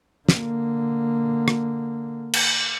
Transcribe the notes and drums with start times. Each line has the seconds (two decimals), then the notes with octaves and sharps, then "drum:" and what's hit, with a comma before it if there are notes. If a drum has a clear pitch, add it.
0.29 D3 A#3, drum: snare
1.48 drum: rim click
2.34 drum: cymbal